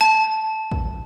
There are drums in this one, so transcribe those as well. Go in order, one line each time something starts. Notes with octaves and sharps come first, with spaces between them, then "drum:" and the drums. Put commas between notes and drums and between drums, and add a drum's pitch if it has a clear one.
A5
drum: kick